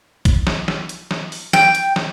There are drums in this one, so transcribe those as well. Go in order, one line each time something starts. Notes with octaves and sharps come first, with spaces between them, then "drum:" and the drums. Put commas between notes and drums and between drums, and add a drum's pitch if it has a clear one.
drum: kick, hi-hat
drum: snare
drum: snare
drum: hi-hat
drum: snare
drum: open hi-hat
G5, drum: snare
drum: hi-hat
drum: snare